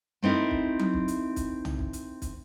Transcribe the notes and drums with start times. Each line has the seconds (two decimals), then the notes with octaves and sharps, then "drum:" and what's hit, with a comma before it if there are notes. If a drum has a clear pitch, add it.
0.22 A3 C4 D#4 E4 A#4
0.51 drum: kick
0.79 drum: tom F#3
0.94 drum: kick
1.08 drum: hi-hat
1.36 drum: kick, hi-hat
1.65 drum: tom
1.79 drum: kick
1.93 drum: hi-hat
2.22 drum: kick, hi-hat